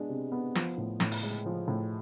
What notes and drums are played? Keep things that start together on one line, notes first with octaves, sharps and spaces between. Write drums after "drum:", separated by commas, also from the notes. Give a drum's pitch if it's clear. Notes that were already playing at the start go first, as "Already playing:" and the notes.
Already playing: G#3 B3 D4
C3
B3
F3, drum: snare
A2
A2, drum: snare
drum: open hi-hat
G#3
F3
A2